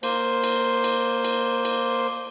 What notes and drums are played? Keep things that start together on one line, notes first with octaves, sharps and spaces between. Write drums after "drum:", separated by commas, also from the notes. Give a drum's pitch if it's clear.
A#3 C5, drum: cymbal
drum: cymbal
drum: cymbal
drum: cymbal
drum: cymbal